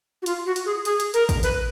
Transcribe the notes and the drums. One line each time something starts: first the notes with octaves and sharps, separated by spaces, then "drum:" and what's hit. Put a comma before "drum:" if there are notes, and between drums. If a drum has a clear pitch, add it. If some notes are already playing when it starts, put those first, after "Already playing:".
F#4
F4, drum: hi-hat
F#4
drum: hi-hat
G#4
G#4, drum: hi-hat
drum: hi-hat
A#4, drum: hi-hat
drum: kick, hi-hat
B4, drum: hi-hat